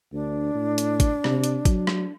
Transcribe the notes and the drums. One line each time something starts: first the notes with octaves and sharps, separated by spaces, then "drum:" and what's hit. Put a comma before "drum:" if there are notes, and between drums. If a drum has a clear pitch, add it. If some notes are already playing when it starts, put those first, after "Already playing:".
D2 D4
A2
drum: hi-hat
drum: kick, hi-hat
C3, drum: rim click
drum: hi-hat
F#3, drum: kick, hi-hat
drum: rim click